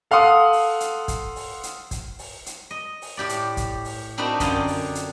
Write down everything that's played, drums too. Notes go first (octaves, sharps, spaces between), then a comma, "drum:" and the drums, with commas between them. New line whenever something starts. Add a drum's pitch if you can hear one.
A4 F5 F#5 C6 D#6
drum: open hi-hat
drum: hi-hat
drum: kick, hi-hat
drum: open hi-hat
drum: hi-hat
drum: kick, hi-hat
drum: open hi-hat
drum: hi-hat
D#5
drum: open hi-hat
A2 G4 D5
drum: hi-hat
drum: kick, hi-hat
drum: open hi-hat
A#3 C4 D4 D#4 F#4 B4
F#2 D3 F4 D#5 C6, drum: kick, hi-hat
drum: open hi-hat
drum: hi-hat